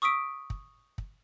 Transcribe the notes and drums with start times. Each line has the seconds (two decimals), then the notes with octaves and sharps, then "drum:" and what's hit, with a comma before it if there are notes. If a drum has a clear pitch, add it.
0.02 C#6 D#6 E6 B6 D7
0.50 drum: kick
0.98 drum: kick